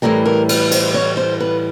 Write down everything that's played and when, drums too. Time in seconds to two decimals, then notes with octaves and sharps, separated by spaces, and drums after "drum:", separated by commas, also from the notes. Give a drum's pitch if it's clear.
0.02 A2 E3 G3 A#4
0.25 A#4
0.49 B4, drum: cymbal
0.71 C5, drum: cymbal
0.94 C#5
1.17 C5
1.40 B4